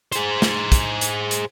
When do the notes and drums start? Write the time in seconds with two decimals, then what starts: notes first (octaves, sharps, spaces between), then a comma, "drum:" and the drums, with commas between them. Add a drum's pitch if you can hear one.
0.12 G#4 C5, drum: hi-hat
0.42 drum: snare
0.72 drum: kick, hi-hat
1.01 drum: hi-hat
1.31 drum: hi-hat